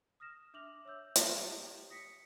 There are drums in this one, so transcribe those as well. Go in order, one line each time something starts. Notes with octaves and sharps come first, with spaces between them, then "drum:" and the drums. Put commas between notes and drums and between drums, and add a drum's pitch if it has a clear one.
D#6 F6 A#6 E7
D4 E5 D6 F6 F7 F#7
C#5 E5 E6 G6
drum: hi-hat
E4 G4 C#5 D#5 G5
D#6 A#6 B6 C#7